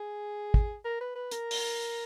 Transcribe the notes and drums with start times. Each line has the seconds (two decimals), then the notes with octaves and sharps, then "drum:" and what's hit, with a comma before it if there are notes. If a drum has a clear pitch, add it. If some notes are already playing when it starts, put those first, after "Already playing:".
Already playing: G#4
0.54 drum: kick
0.85 A#4
1.01 B4
1.15 B4
1.31 A#4, drum: hi-hat
1.51 drum: open hi-hat